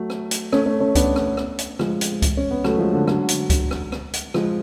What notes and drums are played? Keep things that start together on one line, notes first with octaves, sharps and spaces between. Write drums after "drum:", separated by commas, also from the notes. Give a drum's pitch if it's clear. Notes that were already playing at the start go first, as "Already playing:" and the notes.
Already playing: F#3 A3
drum: rim click
drum: hi-hat
A3 C#4, drum: rim click
A3 C#4
A3 C#4
B3 D4, drum: kick C#2, hi-hat
drum: rim click
drum: rim click
drum: hi-hat
F3 G#3, drum: rim click
drum: hi-hat
drum: kick C#2, hi-hat
C#4
B3
F#3 A3, drum: rim click
F3 G#3
D3
D3 F#3, drum: rim click
drum: hi-hat
drum: kick C#2, hi-hat
drum: rim click
drum: rim click
drum: hi-hat
F3 G#3, drum: rim click